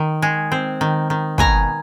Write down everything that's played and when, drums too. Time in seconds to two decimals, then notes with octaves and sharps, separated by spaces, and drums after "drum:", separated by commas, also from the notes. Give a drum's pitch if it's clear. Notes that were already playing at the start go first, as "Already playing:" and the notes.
Already playing: D#3
0.22 G#3
0.52 C4
0.81 D#3
1.10 D#3
1.38 B2 G#5 A#5, drum: kick